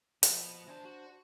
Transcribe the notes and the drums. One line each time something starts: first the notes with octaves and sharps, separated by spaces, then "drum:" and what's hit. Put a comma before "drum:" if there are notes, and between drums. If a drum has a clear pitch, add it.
B2 F3 B3, drum: hi-hat
E3 D4 C5 A5
F#4